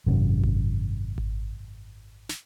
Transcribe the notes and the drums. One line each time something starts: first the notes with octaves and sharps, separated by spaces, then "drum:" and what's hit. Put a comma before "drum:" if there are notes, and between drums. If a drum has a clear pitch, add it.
G#1 F#2 C3
drum: kick G#1
drum: kick G#1
drum: snare